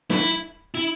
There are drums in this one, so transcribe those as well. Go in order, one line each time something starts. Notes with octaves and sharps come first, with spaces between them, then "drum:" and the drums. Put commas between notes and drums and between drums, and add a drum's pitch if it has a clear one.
E4, drum: snare
E4